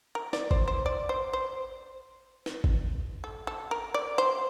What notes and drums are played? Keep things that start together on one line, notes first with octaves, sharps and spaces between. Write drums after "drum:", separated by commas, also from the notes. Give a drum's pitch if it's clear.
A#4
D5, drum: snare
C5, drum: kick G#1
C5
D5
C5
C5
drum: snare
drum: kick G#1
A4
A4
A#4
D5
C5